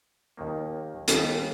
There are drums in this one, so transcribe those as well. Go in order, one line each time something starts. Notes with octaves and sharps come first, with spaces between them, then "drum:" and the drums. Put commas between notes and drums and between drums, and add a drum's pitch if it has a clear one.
D#2 D#3 A#3
D#2 D#3 G3 C4 D#4 G#5, drum: hi-hat